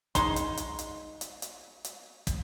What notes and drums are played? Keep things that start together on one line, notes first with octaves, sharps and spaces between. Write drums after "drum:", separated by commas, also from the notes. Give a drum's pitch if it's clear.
G#3 D#4 C6, drum: kick, hi-hat
drum: hi-hat
drum: hi-hat
drum: hi-hat
drum: hi-hat
drum: hi-hat
drum: hi-hat
drum: kick, hi-hat